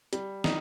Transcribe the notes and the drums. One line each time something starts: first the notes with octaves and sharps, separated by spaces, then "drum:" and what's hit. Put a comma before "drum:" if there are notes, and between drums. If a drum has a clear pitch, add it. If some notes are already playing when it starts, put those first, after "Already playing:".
G3, drum: hi-hat
D#4, drum: snare